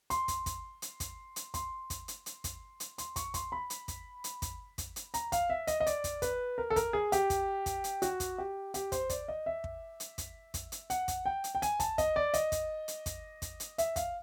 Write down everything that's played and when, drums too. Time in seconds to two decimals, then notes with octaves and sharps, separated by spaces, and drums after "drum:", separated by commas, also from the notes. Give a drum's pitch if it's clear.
0.10 C6, drum: hi-hat
0.28 drum: kick, hi-hat
0.46 drum: kick, hi-hat
0.82 drum: hi-hat
1.00 drum: kick, hi-hat
1.36 drum: hi-hat
1.54 C6, drum: kick, hi-hat
1.90 drum: kick, hi-hat
2.08 drum: hi-hat
2.26 drum: hi-hat
2.44 drum: kick, hi-hat
2.80 drum: hi-hat
2.98 C6, drum: hi-hat
3.16 C#6, drum: kick, hi-hat
3.34 C6, drum: kick, hi-hat
3.52 B5
3.70 drum: hi-hat
3.88 drum: kick, hi-hat
4.24 drum: hi-hat
4.42 drum: kick, hi-hat
4.78 drum: kick, hi-hat
4.96 drum: hi-hat
5.14 A#5, drum: hi-hat
5.32 F5, drum: kick, hi-hat
5.50 E5
5.67 D#5, drum: hi-hat
5.80 D#5
5.87 D5, drum: hi-hat
6.04 drum: kick, hi-hat
6.22 B4, drum: kick, hi-hat
6.58 A#4
6.70 A4
6.76 A#4, drum: kick, hi-hat
6.93 G#4
7.12 G4, drum: hi-hat
7.30 drum: kick, hi-hat
7.66 drum: kick, hi-hat
7.84 drum: hi-hat
8.02 F#4, drum: hi-hat
8.20 drum: kick, hi-hat
8.38 G4
8.74 G4, drum: hi-hat
8.92 C5, drum: kick, hi-hat
9.10 D5, drum: kick, hi-hat
9.28 D#5
9.46 E5
9.64 drum: kick
10.00 drum: hi-hat
10.18 drum: kick, hi-hat
10.54 drum: kick, hi-hat
10.72 drum: hi-hat
10.90 F#5, drum: hi-hat
11.08 drum: kick, hi-hat
11.26 G5
11.44 drum: hi-hat
11.55 G5
11.62 G#5, drum: hi-hat
11.80 A5, drum: kick, hi-hat
11.98 D#5, drum: kick, hi-hat
12.16 D5
12.34 D#5, drum: hi-hat
12.52 drum: kick, hi-hat
12.88 drum: hi-hat
13.06 drum: kick, hi-hat
13.42 drum: kick, hi-hat
13.60 drum: hi-hat
13.78 E5, drum: hi-hat
13.96 F5, drum: kick, hi-hat